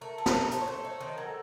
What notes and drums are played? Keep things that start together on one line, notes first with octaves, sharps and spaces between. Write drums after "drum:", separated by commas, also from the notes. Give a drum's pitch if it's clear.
A3 A#4
A3
A#4, drum: snare
A3
A3 C5, drum: hi-hat
C#5
A3 C5
D#4 C#5
D#3 C5
F#3 A#4
A4